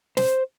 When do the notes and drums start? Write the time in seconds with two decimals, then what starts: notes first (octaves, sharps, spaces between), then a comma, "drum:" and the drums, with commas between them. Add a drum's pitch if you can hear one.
0.17 C5, drum: snare